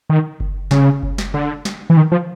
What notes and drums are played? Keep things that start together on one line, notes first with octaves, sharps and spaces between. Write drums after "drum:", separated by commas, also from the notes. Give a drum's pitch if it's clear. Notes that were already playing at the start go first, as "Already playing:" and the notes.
D#3
drum: kick F#1
C#3, drum: snare
drum: kick F#1
drum: snare
D3
drum: snare
E3
D#3
F3